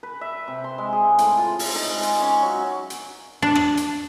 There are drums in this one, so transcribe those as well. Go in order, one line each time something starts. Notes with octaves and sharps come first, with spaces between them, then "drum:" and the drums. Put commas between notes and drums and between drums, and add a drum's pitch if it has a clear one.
B4
E5
C3
C6
G#3
G#4
A2, drum: hi-hat
F4
drum: open hi-hat
D#4
G#3
drum: hi-hat
C#4
F#3
drum: hi-hat
D4
drum: rim click
drum: hi-hat